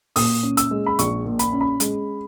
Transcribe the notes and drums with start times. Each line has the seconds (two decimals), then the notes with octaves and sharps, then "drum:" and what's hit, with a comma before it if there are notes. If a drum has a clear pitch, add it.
0.16 A#2 D#6, drum: open hi-hat
0.43 C#4
0.57 E6, drum: hi-hat
0.71 G#3
0.86 B5
0.99 A#1 C#6, drum: hi-hat
1.25 A#2
1.39 B5, drum: hi-hat
1.53 C#4
1.61 B5
1.80 G#3, drum: hi-hat